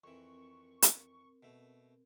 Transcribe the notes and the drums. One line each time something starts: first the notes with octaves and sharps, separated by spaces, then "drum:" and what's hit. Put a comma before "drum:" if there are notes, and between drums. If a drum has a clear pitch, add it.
F2 E3 C4 A#4 C#6
drum: hi-hat
B2 A3